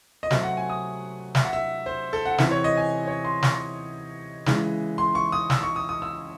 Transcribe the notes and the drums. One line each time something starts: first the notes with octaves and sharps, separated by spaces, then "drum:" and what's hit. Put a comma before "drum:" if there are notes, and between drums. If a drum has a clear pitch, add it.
D#5
C3 F#3 A3 C4 E5, drum: snare
F#5
G#5
D#6
E5, drum: snare
F#5
E5
C5
A4
F#5
C3 E3 C4 E5, drum: snare
C#5
D#5
G#5
C#5
C6
C#6, drum: snare
C#3 E3 G#3, drum: snare
C6
C#6
D#6
E6, drum: snare
C#6
D#6
D#6
E6